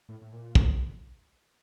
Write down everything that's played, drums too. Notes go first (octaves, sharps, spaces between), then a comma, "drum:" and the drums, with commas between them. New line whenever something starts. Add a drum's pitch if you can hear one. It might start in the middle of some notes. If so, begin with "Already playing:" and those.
A2
A2
A#2
drum: kick